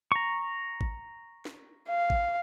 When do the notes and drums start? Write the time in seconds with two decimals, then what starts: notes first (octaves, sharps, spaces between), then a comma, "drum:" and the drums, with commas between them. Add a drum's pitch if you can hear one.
0.12 A#5 C#6
0.81 drum: kick
1.45 drum: snare
1.88 F5
2.10 drum: kick